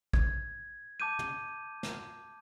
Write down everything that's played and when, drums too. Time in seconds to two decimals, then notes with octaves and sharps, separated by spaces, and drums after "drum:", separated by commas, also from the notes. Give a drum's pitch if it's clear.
0.13 G#6, drum: kick
1.00 A5 D6 G6 D#7
1.19 drum: tom
1.83 drum: snare